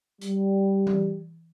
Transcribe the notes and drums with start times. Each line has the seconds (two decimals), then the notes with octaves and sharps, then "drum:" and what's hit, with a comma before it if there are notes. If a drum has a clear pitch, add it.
0.21 G3, drum: hi-hat
0.87 drum: tom E3